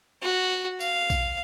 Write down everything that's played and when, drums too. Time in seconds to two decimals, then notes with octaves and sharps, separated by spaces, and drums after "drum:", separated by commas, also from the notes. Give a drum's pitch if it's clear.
0.22 F#4
0.80 F5, drum: tambourine
1.10 drum: kick B1, tambourine